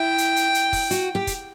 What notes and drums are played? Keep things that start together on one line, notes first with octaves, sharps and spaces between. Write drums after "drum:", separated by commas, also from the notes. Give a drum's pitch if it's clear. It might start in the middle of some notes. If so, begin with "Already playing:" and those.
Already playing: E4 G5
drum: hi-hat
drum: hi-hat
drum: hi-hat
drum: kick, open hi-hat
F#4, drum: hi-hat
G4
drum: kick, hi-hat